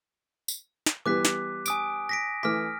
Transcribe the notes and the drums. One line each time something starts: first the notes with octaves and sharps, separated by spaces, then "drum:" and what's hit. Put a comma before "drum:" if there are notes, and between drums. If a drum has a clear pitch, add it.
drum: tambourine
drum: snare
E3 G3 B3 D6 F#6 B6
drum: snare
G#5 D#6 D7, drum: tambourine
A#6 B6 D7
E3 A3 D6 F6 B6